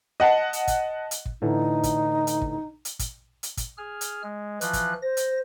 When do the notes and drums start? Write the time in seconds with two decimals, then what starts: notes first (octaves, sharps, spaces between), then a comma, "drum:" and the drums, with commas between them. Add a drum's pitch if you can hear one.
0.20 D#5 F#5 A5
0.53 drum: hi-hat
0.68 drum: kick, hi-hat
1.11 drum: hi-hat
1.25 drum: kick
1.42 A2 D3 E3 D#4
1.83 drum: kick, hi-hat
2.27 drum: hi-hat
2.41 drum: kick
2.85 drum: hi-hat
2.99 drum: kick, hi-hat
3.43 drum: hi-hat
3.57 drum: kick, hi-hat
3.78 G#4 F6
4.01 drum: hi-hat
4.23 G#3
4.61 E3 F3 F#6, drum: hi-hat
4.73 drum: kick, hi-hat
5.02 C5 A#6
5.17 drum: hi-hat